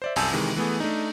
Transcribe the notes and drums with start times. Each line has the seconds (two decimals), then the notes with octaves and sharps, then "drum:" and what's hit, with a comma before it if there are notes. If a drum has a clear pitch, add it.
0.02 C5 D5 E5
0.16 C2 F#2 G#5 A5 E6 G6, drum: open hi-hat
0.32 C3 D#3 E3 G#3
0.56 E3 A3 B3 G#4
0.80 A3 D4 D#4